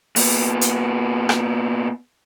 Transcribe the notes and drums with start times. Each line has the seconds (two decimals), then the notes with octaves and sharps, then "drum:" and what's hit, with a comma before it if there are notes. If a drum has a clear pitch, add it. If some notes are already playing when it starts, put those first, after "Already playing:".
0.16 A#2 B3, drum: open hi-hat
0.61 drum: hi-hat
1.29 drum: rim click